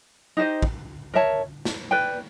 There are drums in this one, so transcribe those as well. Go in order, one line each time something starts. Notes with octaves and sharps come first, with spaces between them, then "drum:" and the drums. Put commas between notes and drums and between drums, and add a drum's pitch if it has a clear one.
D#4 G4 C5 D#5
drum: kick
A#4 C#5 E5 A5
drum: snare
B4 D5 G5